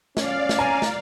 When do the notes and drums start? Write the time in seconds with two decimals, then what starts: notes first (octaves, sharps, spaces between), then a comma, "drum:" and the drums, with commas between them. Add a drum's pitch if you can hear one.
0.17 C#4 D5 F5, drum: snare
0.49 drum: snare
0.59 G#5 A#5
0.82 drum: snare